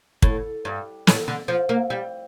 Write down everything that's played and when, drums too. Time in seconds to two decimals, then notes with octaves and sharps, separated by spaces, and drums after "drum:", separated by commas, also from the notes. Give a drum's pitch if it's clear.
0.22 A2, drum: kick
0.65 G2
1.07 A2, drum: snare
1.28 D3
1.48 F3
1.69 A#3
1.90 G3